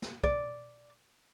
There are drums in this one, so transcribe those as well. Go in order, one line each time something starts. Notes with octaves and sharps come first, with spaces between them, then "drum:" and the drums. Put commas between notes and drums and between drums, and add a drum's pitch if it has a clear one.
drum: snare
D5, drum: kick